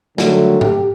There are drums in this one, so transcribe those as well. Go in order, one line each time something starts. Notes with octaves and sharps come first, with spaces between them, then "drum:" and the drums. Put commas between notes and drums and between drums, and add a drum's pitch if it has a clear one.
D3 D#3 F#3 G3 A3, drum: snare
G4, drum: tom G#2